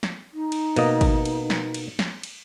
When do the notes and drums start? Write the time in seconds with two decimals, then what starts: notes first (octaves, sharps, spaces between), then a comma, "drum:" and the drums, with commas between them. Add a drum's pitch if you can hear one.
0.03 drum: snare
0.33 D#4
0.52 drum: cymbal
0.76 B2 A#3 D#5, drum: cymbal
1.01 drum: kick G#1, cymbal
1.25 drum: cymbal
1.50 drum: snare
1.74 drum: cymbal
1.99 drum: snare
2.23 drum: cymbal